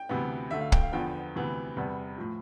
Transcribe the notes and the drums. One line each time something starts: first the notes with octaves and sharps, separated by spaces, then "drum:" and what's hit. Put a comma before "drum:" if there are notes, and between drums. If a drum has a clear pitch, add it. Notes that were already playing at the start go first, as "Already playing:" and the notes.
Already playing: G5
D2 C3 E3 B3
D2 D3 A3 E5
F5
G5, drum: kick
F5
E2 D3 F3 B3 G5
D2 C3 E3 B3
E2 C3 G3 B3
A2 F3